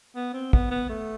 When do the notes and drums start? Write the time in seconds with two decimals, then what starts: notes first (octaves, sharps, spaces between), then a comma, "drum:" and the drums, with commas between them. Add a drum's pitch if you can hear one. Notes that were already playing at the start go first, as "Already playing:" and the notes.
0.16 B3
0.34 C4
0.53 B3, drum: kick
0.71 B3
0.90 A3